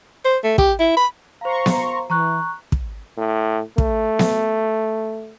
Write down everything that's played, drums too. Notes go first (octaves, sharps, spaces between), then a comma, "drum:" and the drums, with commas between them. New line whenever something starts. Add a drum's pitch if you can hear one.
C5
A3
G4, drum: kick
E4
B5
C5 F5 A#5 C6 C#6
drum: snare B3
E3 A#5 C#6 F#6
drum: kick
A2
A3, drum: kick
drum: snare B3